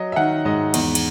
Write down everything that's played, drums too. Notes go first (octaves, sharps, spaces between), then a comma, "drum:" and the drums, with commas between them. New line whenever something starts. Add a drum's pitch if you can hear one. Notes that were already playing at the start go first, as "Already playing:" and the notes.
Already playing: F#3 D#5
E5
D#3 F#5
G#2 D#5
E2, drum: cymbal
drum: cymbal